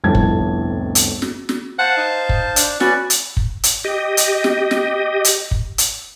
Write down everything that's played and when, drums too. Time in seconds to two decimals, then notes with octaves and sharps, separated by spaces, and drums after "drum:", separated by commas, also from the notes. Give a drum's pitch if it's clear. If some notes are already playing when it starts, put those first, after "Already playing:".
0.04 G1 C2 F2 A2 A5 G#6
0.15 drum: kick
0.95 drum: hi-hat
1.22 drum: snare
1.49 drum: snare
1.79 C5 F5 F#5 A5
1.97 D#4
2.29 drum: kick
2.56 D4, drum: hi-hat
2.80 C#4 F#4 B4 D5, drum: snare
3.10 drum: hi-hat
3.37 drum: kick
3.63 drum: hi-hat
3.84 G4 D#5
4.17 drum: hi-hat
4.44 drum: snare
4.71 drum: snare
5.25 drum: hi-hat
5.51 drum: kick
5.78 drum: hi-hat